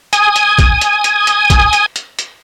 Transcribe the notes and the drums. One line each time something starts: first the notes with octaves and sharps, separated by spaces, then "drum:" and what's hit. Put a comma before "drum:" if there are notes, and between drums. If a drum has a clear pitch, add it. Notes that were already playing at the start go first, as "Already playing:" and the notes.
G#5 D#6, drum: hi-hat
drum: hi-hat
drum: kick, hi-hat
drum: hi-hat
drum: hi-hat
drum: hi-hat
drum: kick, hi-hat
drum: hi-hat
drum: hi-hat
drum: hi-hat